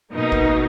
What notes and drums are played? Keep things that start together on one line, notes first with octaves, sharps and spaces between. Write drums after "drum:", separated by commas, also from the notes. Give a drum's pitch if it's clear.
B2 A#3 D#4
drum: kick